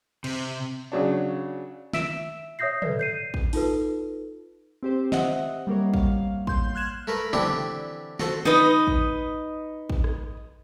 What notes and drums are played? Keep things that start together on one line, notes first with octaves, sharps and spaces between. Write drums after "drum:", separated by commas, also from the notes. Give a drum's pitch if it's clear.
C3, drum: cymbal
C#3 F#3 D4
E5 E6 B6 D7 E7, drum: snare
C#5 E5 D#6 G6 A#6 C7
A4 B4 D5, drum: tom
G6 C7 D#7
drum: kick
D#4 F4 A4 B4, drum: open hi-hat
C4 G4 C5
D#5 E5 F#5, drum: snare
G3 A#3 A#4 C#5
F5, drum: kick
C6 G6, drum: kick
F6 F#6 G#6 E7
A3 A#4 B4
D3 E3 C4 D4 E4 G4, drum: tom
F#4 A4 C5, drum: snare
D#4 B4 D#5, drum: snare
drum: kick
drum: kick
drum: rim click